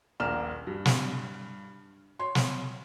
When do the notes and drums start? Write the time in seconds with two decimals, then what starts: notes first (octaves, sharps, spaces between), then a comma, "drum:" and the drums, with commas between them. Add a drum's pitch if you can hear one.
0.20 D#1 A#1 D5 A#5 F6 E7
0.67 G2
0.86 drum: snare
2.19 C#5 C6
2.35 drum: snare